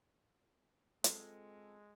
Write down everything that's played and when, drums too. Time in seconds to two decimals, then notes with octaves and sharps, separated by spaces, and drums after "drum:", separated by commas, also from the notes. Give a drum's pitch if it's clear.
1.04 G#3 C4 F4 A4, drum: hi-hat